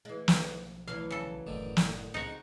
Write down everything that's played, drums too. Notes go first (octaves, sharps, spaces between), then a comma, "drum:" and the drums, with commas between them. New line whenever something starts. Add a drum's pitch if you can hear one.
E3 G#3
B1 F3, drum: snare
D2 E3 F#3 F5
C#3 A4
F#1 A2 D3 D#3
drum: snare
C#2 A#2 G#3 C4 D#4 F#4